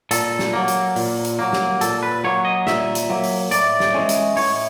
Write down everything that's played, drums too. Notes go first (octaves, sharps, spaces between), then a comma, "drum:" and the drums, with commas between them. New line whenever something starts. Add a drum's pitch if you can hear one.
A#2 A4, drum: hi-hat
drum: snare
F#3 A#3
drum: hi-hat
A#2, drum: open hi-hat
drum: hi-hat
F#3 A#3
drum: snare
A#2 A4, drum: hi-hat
B4
F#3 A#3 C#5
D#5
A#2 E5, drum: snare
drum: hi-hat
F#3 A#3
drum: open hi-hat
A2 D5, drum: hi-hat
drum: snare
E3 G#3 C#4
drum: hi-hat
A2 C#5, drum: open hi-hat